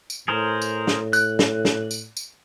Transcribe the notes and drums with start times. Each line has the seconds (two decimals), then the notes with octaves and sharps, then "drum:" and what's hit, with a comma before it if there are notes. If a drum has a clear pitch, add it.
0.10 drum: tambourine
0.28 A2 G#4 A#4 C5
0.62 drum: tambourine
0.87 drum: snare
1.13 F#6, drum: tambourine
1.39 drum: snare
1.65 drum: snare
1.91 drum: tambourine
2.16 drum: tambourine